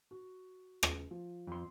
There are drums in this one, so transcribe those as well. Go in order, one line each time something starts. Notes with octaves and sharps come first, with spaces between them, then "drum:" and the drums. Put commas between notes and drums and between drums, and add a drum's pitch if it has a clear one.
F#4
drum: rim click
F3
F2 C6